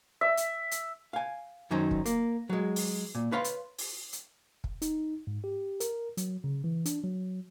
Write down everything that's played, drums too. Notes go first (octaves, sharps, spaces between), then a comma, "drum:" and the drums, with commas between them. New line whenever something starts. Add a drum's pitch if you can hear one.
E5
drum: hi-hat
drum: hi-hat
F5 G#5
F#2 D#3 F#3 C#4 D#4 C5
drum: kick
A#3, drum: hi-hat
F#3 G#3
drum: open hi-hat
A#2
B4 C#5 F5 B5 C6
drum: hi-hat
drum: open hi-hat
drum: hi-hat
drum: kick
D#4, drum: hi-hat
G#2
G4
A#4, drum: hi-hat
F#3, drum: hi-hat
C#3
E3
D4, drum: hi-hat
F#3